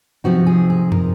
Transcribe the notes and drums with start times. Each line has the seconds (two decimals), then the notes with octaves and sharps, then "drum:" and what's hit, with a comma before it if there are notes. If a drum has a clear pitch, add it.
0.24 C3 F3 C4 D#4 F#4
0.46 G#4
0.70 G#4
0.92 A#4, drum: tom